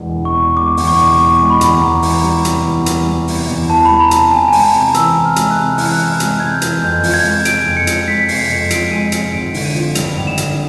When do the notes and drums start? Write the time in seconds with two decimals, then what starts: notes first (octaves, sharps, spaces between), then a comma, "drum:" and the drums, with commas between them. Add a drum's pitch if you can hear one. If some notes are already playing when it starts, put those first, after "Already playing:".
Already playing: E1 E2 B2 G#3
0.15 E1
0.25 C#6
0.36 B2
0.57 G#3 D6
0.77 E2, drum: open hi-hat
0.87 C#6
0.98 E1
1.19 B2 C#6
1.40 G#3
1.50 B5
1.61 E2, drum: hi-hat
1.82 E2 A#5
2.02 E3, drum: open hi-hat
2.13 A#5
2.24 G3
2.45 C3, drum: hi-hat
2.65 E2
2.86 E3, drum: hi-hat
3.07 G3
3.28 C3, drum: open hi-hat
3.49 E2
3.70 E3 A5
3.85 B5
3.90 G3
4.01 A#5
4.11 C3, drum: hi-hat
4.16 A5
4.32 C3 G#5
4.48 G#5
4.52 G#3 A5, drum: open hi-hat
4.74 C3 A#5
4.94 E3 E6, drum: hi-hat
5.16 C3
5.26 F6
5.36 G#3, drum: hi-hat
5.51 F#6
5.57 C3 F6
5.78 E3 F6, drum: open hi-hat
5.93 F#6
5.99 C3 F6
6.20 G#3 F#6, drum: hi-hat
6.40 C3 G#6
6.52 G6
6.62 E3, drum: hi-hat
6.83 F2 G6
7.03 F3, drum: open hi-hat
7.14 G#6
7.24 G#3
7.45 C3 D7, drum: hi-hat
7.66 F2
7.77 C#7
7.87 F3, drum: hi-hat
8.08 G#3 B6
8.28 C3 C7, drum: open hi-hat
8.50 F2 C#7
8.70 F3 D7, drum: hi-hat
8.91 G#3 D#7
9.12 C3 C#7, drum: hi-hat
9.33 G#1 D7
9.54 D3, drum: open hi-hat
9.65 D#7
9.75 F3
9.95 G2 F7, drum: hi-hat
10.17 G#1
10.27 E7
10.38 D3, drum: hi-hat